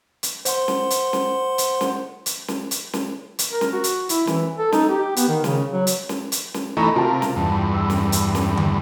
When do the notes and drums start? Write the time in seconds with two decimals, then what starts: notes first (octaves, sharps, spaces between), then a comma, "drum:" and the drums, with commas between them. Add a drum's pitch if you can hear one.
0.23 drum: hi-hat
0.45 C5 F#5 C6, drum: hi-hat
0.68 drum: snare
0.90 drum: hi-hat
1.13 drum: snare
1.58 drum: hi-hat
1.81 drum: snare
2.26 drum: hi-hat
2.48 drum: snare
2.71 drum: hi-hat
2.93 drum: snare
3.39 drum: hi-hat
3.52 A#4
3.61 drum: snare
3.72 F#4
3.84 drum: hi-hat
4.09 E4, drum: hi-hat
4.27 E3, drum: snare
4.58 A4
4.72 D#4, drum: snare
4.89 G4
5.16 B3, drum: hi-hat
5.28 D#3
5.44 C#3, drum: snare
5.72 F#3
5.87 drum: hi-hat
6.09 drum: snare
6.32 drum: hi-hat
6.54 drum: snare
6.77 E3 A3 D#4 A#5 B5 C#6
6.96 C3 F4 A#4 A5
7.22 drum: snare
7.36 E2 G2
7.74 E6
7.90 drum: snare
8.12 drum: hi-hat
8.35 drum: snare
8.57 drum: tom D3